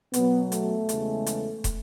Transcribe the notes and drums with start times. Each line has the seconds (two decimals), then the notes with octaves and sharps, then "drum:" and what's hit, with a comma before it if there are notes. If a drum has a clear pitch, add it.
0.14 B2 F#3 B3, drum: hi-hat
0.52 A3, drum: hi-hat
0.89 E2 C#3 G#3, drum: hi-hat
1.26 drum: hi-hat
1.64 drum: kick, hi-hat